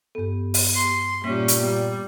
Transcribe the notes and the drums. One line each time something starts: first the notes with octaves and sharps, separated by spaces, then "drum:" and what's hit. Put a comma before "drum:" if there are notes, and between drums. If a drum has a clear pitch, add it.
G2 B3 G4 A4
drum: open hi-hat
C6
A#2 G3 A#3 C#4 G4 C#5 E5
drum: hi-hat
G3 B3 G5